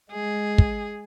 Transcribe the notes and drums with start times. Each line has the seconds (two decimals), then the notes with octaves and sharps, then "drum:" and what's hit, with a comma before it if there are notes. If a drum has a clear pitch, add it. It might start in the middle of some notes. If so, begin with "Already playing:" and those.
0.12 G#3 G#4
0.58 drum: kick